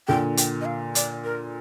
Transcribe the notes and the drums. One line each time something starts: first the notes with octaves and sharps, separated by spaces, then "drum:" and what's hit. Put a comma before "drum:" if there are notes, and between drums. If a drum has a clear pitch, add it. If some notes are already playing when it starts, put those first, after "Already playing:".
A#2 D3 G5
G5, drum: hi-hat
D#5
F5
D5, drum: hi-hat
A#4